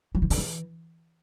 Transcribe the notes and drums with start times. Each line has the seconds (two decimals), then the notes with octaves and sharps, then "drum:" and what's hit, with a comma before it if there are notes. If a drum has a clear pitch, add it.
0.15 F#3
0.22 E3
0.30 D3, drum: open hi-hat
0.38 E3